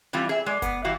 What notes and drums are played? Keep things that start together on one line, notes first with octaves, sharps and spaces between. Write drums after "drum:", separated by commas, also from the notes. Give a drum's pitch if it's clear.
E3 G3 C4 E4 F4
G#4 E5
G#3 D5
B3, drum: kick F#1, hi-hat
E3 G3 E4 F#4 F5